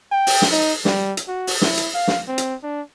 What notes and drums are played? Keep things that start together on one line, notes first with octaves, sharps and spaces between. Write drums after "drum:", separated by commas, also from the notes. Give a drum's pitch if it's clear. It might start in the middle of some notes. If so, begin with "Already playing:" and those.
G5
drum: open hi-hat
drum: snare
D#4
G3, drum: snare
drum: hi-hat
F#4
drum: open hi-hat
E4, drum: snare
drum: hi-hat
F5
drum: snare
C4
drum: hi-hat
D4